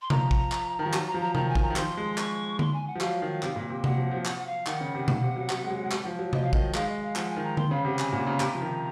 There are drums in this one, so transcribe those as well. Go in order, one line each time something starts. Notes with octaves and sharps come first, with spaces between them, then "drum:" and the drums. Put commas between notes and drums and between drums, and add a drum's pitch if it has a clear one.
C6
F3 A#5, drum: tom C3
drum: kick
drum: clap
D#3
F3
F#3, drum: clap
A#5
F3
A#5
D#3 A#5, drum: tom C3
G#5
D#3, drum: kick
A#5
D#3
F3 C6, drum: clap
G#3
C#6, drum: clap
C6, drum: tom D3
G#5
F#5
F3
F#3 F5, drum: clap
D#3
C3, drum: clap
A#2
C3
F#3 F#5, drum: tom C3
F3
F3
F#5, drum: clap
F#5
F5
D#3 F#5, drum: clap
C#3
C3
A#2, drum: tom B2
C3
F#3
F#3, drum: clap
G#3
F#3
G#3
F#3, drum: clap
F3
F#3
F3 D#5, drum: tom C3
F5
D#3 D#5, drum: kick
G#3 F5, drum: clap
D#5
F5
F3 F#5, drum: clap
G#5
D#3
A#5
D#3 C6, drum: tom D3
C#3 F5
C3 F#5
G#5, drum: clap
A#2 F#5
C#3 A#5
C3, drum: clap
F3
D#3